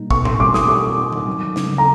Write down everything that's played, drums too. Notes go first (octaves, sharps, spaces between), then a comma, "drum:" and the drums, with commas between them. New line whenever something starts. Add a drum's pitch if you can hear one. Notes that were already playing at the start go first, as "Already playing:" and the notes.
Already playing: B2 G3 A#3 D#4
B2 C#6, drum: kick
C6, drum: tom A2
G3 D6
D#6, drum: snare
G3 D6
D#4
drum: tom D#3
F#3
C#3, drum: snare
A#5